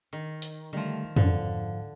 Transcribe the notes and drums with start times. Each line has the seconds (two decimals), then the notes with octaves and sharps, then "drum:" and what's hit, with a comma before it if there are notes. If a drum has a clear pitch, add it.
0.13 D#3
0.42 drum: hi-hat
0.73 D3 D#3 F3 G3 A3
1.16 G#2 D3 F3 F5, drum: tom F2